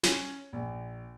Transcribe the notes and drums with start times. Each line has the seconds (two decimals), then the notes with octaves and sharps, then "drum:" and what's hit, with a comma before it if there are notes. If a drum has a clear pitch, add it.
0.03 C#4, drum: snare
0.53 A#1